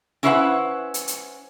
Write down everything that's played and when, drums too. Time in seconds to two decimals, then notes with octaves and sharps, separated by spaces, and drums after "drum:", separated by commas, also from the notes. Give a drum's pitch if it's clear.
0.23 C#4 E4 B4 C5 F5 F#5
0.94 drum: hi-hat
1.08 drum: hi-hat